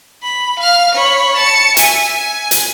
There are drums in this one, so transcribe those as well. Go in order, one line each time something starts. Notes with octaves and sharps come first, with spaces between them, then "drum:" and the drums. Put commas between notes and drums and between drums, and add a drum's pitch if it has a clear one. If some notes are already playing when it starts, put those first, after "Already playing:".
B5
F5 F6
C#5 B5
A5 C#7
E5 G#5, drum: hi-hat
G#5
drum: hi-hat